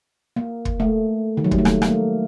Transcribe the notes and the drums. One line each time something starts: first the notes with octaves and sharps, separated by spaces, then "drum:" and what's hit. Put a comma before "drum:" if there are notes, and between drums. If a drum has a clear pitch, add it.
A#3
drum: kick
A3
D#3
F#3
G3, drum: kick
A3
A#3, drum: rim click
A3, drum: rim click
A#3